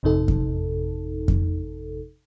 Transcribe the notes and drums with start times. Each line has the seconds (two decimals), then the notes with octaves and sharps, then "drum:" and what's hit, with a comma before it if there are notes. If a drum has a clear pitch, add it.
0.03 G#1 F2 C3 D#4 A4
0.28 drum: kick F2
1.28 drum: kick F2